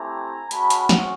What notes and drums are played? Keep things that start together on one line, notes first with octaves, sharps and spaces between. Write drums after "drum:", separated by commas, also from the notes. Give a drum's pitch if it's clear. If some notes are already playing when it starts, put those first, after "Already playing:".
Already playing: A3 C4 E4 G4 G#5 A#5
G#3 C#4 F#4 A5 B5, drum: hi-hat
drum: hi-hat
drum: snare